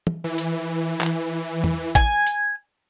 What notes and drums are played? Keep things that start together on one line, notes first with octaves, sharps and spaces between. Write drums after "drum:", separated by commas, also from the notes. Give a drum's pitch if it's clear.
drum: tom
E3
drum: hi-hat
drum: clap
drum: tom
G#5, drum: kick
drum: hi-hat